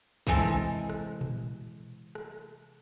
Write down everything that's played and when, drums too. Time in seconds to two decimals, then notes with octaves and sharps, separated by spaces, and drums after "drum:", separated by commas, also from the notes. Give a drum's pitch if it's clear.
0.27 C3 E3 G#3 C4 A4, drum: kick
0.90 drum: rim click
1.21 drum: tom A#2
2.15 drum: rim click